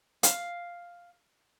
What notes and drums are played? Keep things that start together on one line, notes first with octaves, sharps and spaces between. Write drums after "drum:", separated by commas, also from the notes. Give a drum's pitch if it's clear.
F5, drum: hi-hat